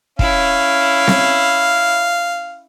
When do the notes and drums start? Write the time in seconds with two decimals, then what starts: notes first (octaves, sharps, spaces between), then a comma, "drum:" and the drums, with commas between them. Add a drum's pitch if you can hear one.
0.19 C#4 E4 F5, drum: kick
1.07 drum: snare C4